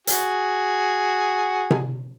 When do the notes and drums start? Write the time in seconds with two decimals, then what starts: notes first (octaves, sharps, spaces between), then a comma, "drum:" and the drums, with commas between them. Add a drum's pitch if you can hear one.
0.07 F#4 G#4, drum: hi-hat
1.71 drum: tom C3